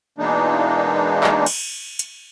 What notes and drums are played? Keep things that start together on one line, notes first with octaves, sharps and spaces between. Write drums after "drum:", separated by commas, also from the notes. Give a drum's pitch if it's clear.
B2 E3 G#3 A#3 D4 D#4
drum: clap
drum: cymbal
drum: hi-hat